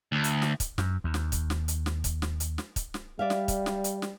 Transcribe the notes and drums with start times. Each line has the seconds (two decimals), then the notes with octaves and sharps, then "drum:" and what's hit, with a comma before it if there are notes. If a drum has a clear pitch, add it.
0.12 D2
0.24 drum: hi-hat
0.42 drum: snare
0.60 drum: kick, hi-hat
0.78 F#2, drum: snare
1.04 D#2
1.14 drum: snare
1.32 drum: kick, hi-hat
1.50 drum: snare
1.68 drum: hi-hat
1.86 drum: snare
2.04 drum: kick, hi-hat
2.22 drum: snare
2.40 drum: hi-hat
2.58 drum: snare
2.76 drum: kick, hi-hat
2.94 drum: snare
3.19 G3 D5 E5 F5
3.30 drum: snare
3.48 drum: kick, hi-hat
3.66 drum: snare
3.84 drum: hi-hat
4.02 drum: snare